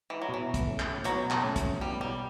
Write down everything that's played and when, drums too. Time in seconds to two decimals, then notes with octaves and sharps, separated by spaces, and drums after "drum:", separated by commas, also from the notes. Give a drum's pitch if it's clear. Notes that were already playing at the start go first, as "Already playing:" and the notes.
0.10 E3
0.22 F#3
0.29 B2 E3
0.54 drum: kick, hi-hat
0.67 A3 C#4
0.79 drum: clap
1.04 B2 F#3, drum: hi-hat
1.30 drum: clap
1.43 A3 C#4
1.56 drum: kick, hi-hat
1.81 B2 G3
2.01 G3